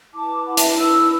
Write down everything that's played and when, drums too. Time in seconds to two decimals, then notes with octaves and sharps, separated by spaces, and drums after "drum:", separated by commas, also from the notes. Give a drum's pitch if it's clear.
0.13 E4 B4 A5 D6
0.47 F#5 B5
0.57 E5 A5, drum: hi-hat
0.80 B5 E6